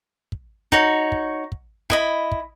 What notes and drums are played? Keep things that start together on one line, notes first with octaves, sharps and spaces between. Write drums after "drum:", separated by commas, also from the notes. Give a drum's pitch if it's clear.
drum: kick
D#4 F#4 C#5, drum: kick
drum: kick
drum: kick
E4 D#5 B5, drum: kick
drum: kick